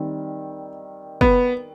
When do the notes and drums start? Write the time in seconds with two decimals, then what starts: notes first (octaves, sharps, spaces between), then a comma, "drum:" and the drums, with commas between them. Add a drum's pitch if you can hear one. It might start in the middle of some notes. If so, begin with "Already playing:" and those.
Already playing: D#3 G3 C4
1.21 B3, drum: kick